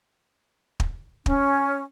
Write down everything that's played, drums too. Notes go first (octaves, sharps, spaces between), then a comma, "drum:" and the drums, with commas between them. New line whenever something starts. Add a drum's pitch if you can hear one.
drum: kick
C#4, drum: kick